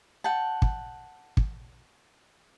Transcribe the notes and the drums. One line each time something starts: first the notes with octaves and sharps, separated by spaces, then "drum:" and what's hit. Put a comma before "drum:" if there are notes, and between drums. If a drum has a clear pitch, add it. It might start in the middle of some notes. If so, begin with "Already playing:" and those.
F#5 G5 A5
drum: kick
drum: kick